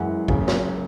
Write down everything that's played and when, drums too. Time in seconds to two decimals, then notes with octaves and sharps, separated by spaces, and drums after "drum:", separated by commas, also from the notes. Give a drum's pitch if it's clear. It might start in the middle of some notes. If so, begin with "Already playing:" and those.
Already playing: F#2 E3 G#3 F#5
0.28 F#1 F#2 C#3, drum: kick G#1
0.48 drum: snare